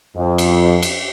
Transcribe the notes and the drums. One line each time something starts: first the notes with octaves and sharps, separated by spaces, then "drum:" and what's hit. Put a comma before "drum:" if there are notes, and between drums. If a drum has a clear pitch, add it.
F2
drum: cymbal
drum: cymbal